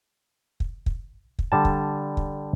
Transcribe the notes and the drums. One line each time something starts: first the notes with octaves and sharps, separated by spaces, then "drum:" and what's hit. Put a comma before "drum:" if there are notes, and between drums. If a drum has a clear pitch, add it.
drum: kick
drum: kick
drum: kick
D3 G3 A5
drum: kick
drum: kick